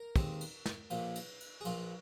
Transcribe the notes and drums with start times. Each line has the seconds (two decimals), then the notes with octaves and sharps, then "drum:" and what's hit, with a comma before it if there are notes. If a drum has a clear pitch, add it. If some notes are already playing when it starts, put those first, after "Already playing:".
Already playing: A#4
0.16 D#2 D#3 G#3 C4, drum: kick, cymbal
0.41 drum: cymbal
0.66 drum: snare
0.90 A#1 A#2 F3, drum: cymbal
1.16 drum: cymbal
1.41 drum: cymbal
1.61 G#4
1.65 A#1 A#2 F3 F4, drum: cymbal